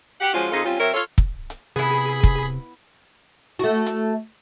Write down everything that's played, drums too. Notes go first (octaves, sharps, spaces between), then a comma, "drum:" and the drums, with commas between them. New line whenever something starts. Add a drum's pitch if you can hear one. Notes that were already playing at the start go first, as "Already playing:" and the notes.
G4 F#5
F3 G#3 C#4 F4 F#4 C5
F2 D#4 F4 G#4 A4 C5
G3 C4 C#4 F4
F#3 C4 A#4 C#5 E5
F4 A4 C#5
drum: kick
drum: hi-hat
C3 B3 E4 G#4 B5
drum: kick
A3 F#4
drum: hi-hat